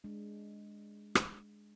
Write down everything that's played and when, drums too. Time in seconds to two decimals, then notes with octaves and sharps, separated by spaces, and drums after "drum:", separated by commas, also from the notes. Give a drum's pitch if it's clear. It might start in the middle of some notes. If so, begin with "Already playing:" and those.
0.04 G#3 D4
1.15 drum: rim click